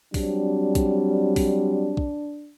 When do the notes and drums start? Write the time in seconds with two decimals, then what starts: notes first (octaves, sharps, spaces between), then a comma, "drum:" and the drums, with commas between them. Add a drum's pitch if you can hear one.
0.14 F#3 G3 C4 D4, drum: kick, open hi-hat
0.75 drum: kick, hi-hat
1.36 drum: kick, open hi-hat
1.97 drum: kick